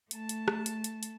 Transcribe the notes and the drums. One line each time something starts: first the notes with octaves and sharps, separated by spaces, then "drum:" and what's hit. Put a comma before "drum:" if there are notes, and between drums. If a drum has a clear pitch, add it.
A3 A5, drum: hi-hat
drum: hi-hat
drum: rim click
drum: hi-hat
drum: hi-hat
drum: hi-hat